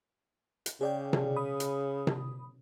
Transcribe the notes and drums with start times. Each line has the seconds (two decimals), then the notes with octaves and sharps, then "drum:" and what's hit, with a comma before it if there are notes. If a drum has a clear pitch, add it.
0.66 drum: hi-hat
0.81 C#3 G#4 D5 G5
1.13 drum: tom C3
1.36 B5 D#6
1.60 drum: hi-hat
2.07 drum: tom C3